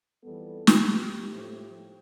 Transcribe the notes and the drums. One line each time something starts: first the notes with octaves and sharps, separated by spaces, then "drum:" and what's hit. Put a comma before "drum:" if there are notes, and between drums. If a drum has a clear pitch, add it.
F2 E3 G3 B3 A4
drum: snare
G4
A2 F3 A3